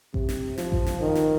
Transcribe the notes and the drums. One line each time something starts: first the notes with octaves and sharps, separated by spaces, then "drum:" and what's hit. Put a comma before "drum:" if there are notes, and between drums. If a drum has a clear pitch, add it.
C3, drum: kick A1
drum: snare
F3, drum: snare
drum: kick A1
drum: snare
D#3
drum: snare